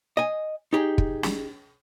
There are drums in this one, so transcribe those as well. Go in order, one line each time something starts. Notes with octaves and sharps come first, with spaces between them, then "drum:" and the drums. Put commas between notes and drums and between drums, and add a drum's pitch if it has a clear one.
D#5 G#5
D#4 G4 G#4
drum: kick
drum: snare